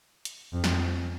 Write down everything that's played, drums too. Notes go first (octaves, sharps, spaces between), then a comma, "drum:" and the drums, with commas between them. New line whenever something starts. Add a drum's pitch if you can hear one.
drum: hi-hat
F2
drum: snare